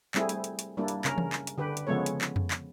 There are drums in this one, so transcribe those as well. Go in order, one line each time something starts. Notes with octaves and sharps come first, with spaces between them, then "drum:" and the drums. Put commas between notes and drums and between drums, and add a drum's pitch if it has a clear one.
G3 A3 C4 E4 G#4, drum: clap
drum: hi-hat
drum: hi-hat
drum: hi-hat
G3 A#3 D4 E4
drum: hi-hat
C#3 C#4 A#4, drum: clap
drum: tom
drum: clap
drum: hi-hat
D3 G4 B4
drum: hi-hat
C#3 F3 G#3 B3 A4 C#5
drum: hi-hat
drum: clap
drum: tom F2
drum: clap